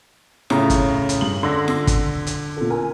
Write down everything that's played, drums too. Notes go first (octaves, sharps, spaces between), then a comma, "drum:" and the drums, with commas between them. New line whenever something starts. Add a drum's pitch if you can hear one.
A2 C#3 A#5, drum: snare F4
drum: kick, hi-hat
drum: hi-hat
G2 F#7
D3 C6 E6 A#6
drum: snare F4
drum: kick, hi-hat
drum: hi-hat
A#2 A4
A#4 G#5